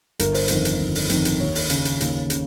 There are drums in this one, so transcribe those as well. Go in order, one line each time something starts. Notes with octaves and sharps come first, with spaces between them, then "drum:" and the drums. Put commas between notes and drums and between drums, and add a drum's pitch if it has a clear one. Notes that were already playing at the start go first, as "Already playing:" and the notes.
G1 A#4, drum: hi-hat
C5, drum: open hi-hat
F2 D#3 A#4, drum: hi-hat
drum: hi-hat
G1
drum: open hi-hat
F2 D#3, drum: hi-hat
drum: hi-hat
D#2 C#5
drum: open hi-hat
C#3, drum: hi-hat
drum: hi-hat
D#2, drum: hi-hat
C#3, drum: hi-hat